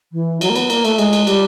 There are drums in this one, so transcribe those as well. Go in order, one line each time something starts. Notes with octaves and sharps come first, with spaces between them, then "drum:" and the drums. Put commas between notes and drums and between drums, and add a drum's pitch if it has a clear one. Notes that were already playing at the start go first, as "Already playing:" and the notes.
E3
F#3, drum: cymbal
A#3
B3, drum: cymbal
A#3, drum: cymbal
A3, drum: cymbal
G#3, drum: cymbal
drum: cymbal
G3, drum: cymbal